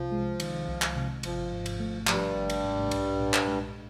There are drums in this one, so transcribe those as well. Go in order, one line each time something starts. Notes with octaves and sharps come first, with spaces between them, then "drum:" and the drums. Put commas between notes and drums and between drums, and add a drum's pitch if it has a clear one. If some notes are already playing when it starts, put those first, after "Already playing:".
Already playing: C2 C3 F3
G#3
D#3, drum: cymbal
C2
drum: clap
C3
G#1 F3, drum: cymbal
G#2
drum: cymbal
A3
G2 F3 G3, drum: clap
G#1
drum: cymbal
G#2
B1, drum: cymbal
A#2
drum: clap
G#3